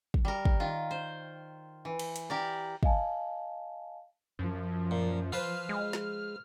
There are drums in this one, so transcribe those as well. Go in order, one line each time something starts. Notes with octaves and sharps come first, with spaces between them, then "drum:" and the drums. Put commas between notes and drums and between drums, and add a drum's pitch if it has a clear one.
drum: kick
G3 A#4
drum: kick
D#3 F4
C5
E3
drum: cymbal
drum: hi-hat
G4 A#4 D5
D#5 F5 G#5 A5, drum: kick
F#2 F3
A#2
F4 B4 C5 F6
G#3
drum: snare